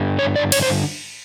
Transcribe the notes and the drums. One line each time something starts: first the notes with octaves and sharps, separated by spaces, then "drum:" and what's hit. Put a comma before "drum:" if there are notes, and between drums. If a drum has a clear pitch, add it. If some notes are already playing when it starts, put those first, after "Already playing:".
Already playing: G2 D3
C#5
D5
C#5, drum: cymbal
C5